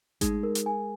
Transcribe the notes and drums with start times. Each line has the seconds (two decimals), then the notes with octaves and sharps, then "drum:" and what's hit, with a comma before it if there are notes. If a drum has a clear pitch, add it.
0.21 G#3 D#4, drum: kick G#1, hi-hat
0.43 A#4
0.55 drum: hi-hat
0.66 G#5